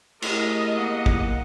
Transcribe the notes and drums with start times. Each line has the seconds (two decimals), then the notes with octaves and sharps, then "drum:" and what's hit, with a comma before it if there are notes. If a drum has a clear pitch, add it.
0.22 A2 E4 G4 G#4 A#4 D#5, drum: cymbal
0.75 E2 A#3 F#5
1.06 drum: kick